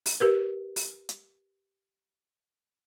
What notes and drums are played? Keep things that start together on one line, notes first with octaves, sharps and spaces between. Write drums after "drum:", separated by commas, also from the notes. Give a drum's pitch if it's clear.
drum: open hi-hat
G4 A#4 B4
drum: open hi-hat
drum: hi-hat